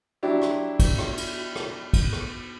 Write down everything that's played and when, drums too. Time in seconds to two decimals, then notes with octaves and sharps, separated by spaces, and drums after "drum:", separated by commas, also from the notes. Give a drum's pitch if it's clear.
0.23 F#3 D4 E4 G4
0.42 drum: rim click
0.80 drum: kick, cymbal
0.99 drum: rim click
1.18 drum: cymbal
1.56 drum: rim click
1.93 drum: kick, cymbal
2.12 drum: rim click